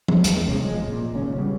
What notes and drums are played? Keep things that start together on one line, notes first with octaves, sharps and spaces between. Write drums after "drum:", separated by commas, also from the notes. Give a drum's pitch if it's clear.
drum: tom
E2 F3 G#3, drum: hi-hat
C3 G#3 C#4
E1 E2 F3 G#3
A#2
G#1 A#2 C#3 C#4
C#3 G3 B3